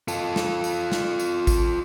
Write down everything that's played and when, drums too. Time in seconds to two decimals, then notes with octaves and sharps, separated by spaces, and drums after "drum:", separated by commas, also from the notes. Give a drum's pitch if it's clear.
0.08 F4 A4, drum: tambourine
0.36 drum: snare
0.64 drum: tambourine
0.92 drum: snare
1.19 drum: tambourine
1.47 drum: kick, tambourine